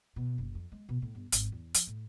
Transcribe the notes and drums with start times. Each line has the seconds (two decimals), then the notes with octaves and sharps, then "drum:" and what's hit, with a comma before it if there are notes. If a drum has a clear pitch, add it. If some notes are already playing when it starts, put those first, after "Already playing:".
0.16 B2
0.38 F#1
0.55 F2
0.72 G#3
0.89 B2
1.02 A2
1.15 G1
1.32 G#1, drum: hi-hat
1.52 E2
1.74 F3, drum: hi-hat
1.87 A2